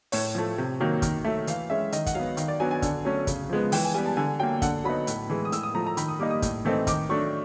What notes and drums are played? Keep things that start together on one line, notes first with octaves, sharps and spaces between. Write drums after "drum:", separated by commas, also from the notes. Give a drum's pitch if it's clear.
A2 C#5, drum: open hi-hat
F3 A3
C3
D#3 F#3 A#3
D#3, drum: kick, hi-hat
F#3 A3 E5
E3 F5, drum: hi-hat
G#3 C#4 E5
D#3 D#5, drum: hi-hat
F#5, drum: kick, hi-hat
F#3 B3 F5
D#3 F5, drum: hi-hat
D5
F#3 B3 D4 G#5
G#5
D3, drum: kick, hi-hat
F#3 A3 C#4
C#3, drum: kick, hi-hat
F3 G#3 B3
E3 G5, drum: open hi-hat
G#5
G3 B3 G#5
A5
D3 G#5
F#3 A#3 G5
D3 F#5, drum: kick, hi-hat
F#3 B3 D#4 B5
A2, drum: hi-hat
E3 G#3
D#6
A2 E6, drum: hi-hat
D#6
F3 A3 A#5
A#5
D#3 B5, drum: hi-hat
D#6
G3 A#3 D#4 D6
D#6
A2, drum: kick, hi-hat
E3 A3 C4 D#4
D#3 D6, drum: kick, hi-hat
F#3 A3 D4 C#6